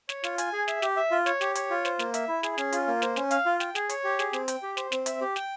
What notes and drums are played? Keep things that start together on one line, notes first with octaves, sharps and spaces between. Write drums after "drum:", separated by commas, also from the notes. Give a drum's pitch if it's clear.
C#5, drum: snare
F4, drum: snare
G#5, drum: hi-hat
G#4
E5, drum: snare
G4, drum: snare
E5
F4
C#5, drum: snare
G4, drum: snare
C#5, drum: hi-hat
F4
C5, drum: snare
A#3, drum: snare
E5, drum: hi-hat
E4
G#4, drum: snare
C#4, drum: snare
F4, drum: hi-hat
A#3
C5, drum: snare
C#4, drum: snare
F5, drum: hi-hat
F4
G5, drum: snare
G#4, drum: snare
C#5, drum: hi-hat
G4
G#4, drum: snare
C4, drum: snare
G5, drum: hi-hat
G4
C5, drum: snare
C4, drum: snare
E5, drum: hi-hat
G4
G5, drum: snare